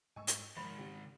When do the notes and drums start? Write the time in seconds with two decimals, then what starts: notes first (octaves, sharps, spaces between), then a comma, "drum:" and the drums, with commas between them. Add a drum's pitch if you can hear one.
0.16 G#2 G3 D#5 G#5 C#6 E6
0.27 drum: hi-hat
0.57 F#1 G#2 D#3 F3 G#3 C5 B5
0.78 C#3 G3 C4 G4